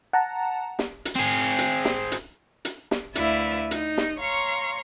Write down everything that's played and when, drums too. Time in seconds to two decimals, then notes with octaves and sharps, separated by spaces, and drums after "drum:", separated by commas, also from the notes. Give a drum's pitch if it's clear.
0.13 F#5 A5 A#5
0.79 drum: snare
1.05 drum: hi-hat
1.15 C4 G#4
1.58 drum: hi-hat
1.85 drum: snare
2.12 drum: hi-hat
2.65 drum: hi-hat
2.91 drum: snare
3.15 D2 E4 B4 D5 E5 F5, drum: hi-hat
3.71 D#4, drum: hi-hat
3.98 drum: snare
4.20 C#5 F5 A#5 C6 C#6